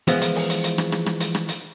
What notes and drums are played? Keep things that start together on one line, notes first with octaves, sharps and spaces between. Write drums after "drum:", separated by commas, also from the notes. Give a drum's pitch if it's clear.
E3 F3 G#3 B3, drum: hi-hat
drum: hi-hat
drum: open hi-hat
drum: hi-hat
drum: hi-hat
drum: rim click
drum: rim click
drum: rim click
drum: hi-hat
drum: rim click
drum: hi-hat